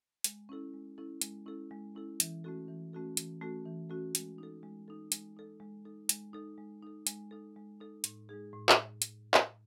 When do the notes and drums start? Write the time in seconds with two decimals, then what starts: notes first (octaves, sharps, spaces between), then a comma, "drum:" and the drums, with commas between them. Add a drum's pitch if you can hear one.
0.24 G#3, drum: hi-hat
0.49 C#4 E4 A4
0.74 G#3
0.98 C#4 E4 A4
1.22 G#3, drum: hi-hat
1.46 C#4 E4 A4
1.71 G#3
1.95 C#4 E4 A4
2.20 E3, drum: hi-hat
2.44 A3 C#4 F#4 A4
2.68 E3
2.93 A3 C#4 F#4 A4
3.17 E3, drum: hi-hat
3.41 A3 C#4 F#4 A4
3.65 E3
3.90 A3 C#4 F#4 A4
4.15 G#3, drum: hi-hat
4.38 D#4 A4
4.63 G#3
4.88 D#4 A4
5.12 G#3, drum: hi-hat
5.37 D#4 A4
5.60 G#3
5.85 D#4 A4
6.09 G#3, drum: hi-hat
6.33 D#4 A4
6.58 G#3
6.82 D#4 A4
7.07 G#3, drum: hi-hat
7.31 D#4 A4
7.56 G#3
7.80 D#4 A4
8.04 A2, drum: hi-hat
8.29 G#3 D#4 G#4
8.53 A2
8.69 drum: clap
9.02 drum: hi-hat
9.34 drum: clap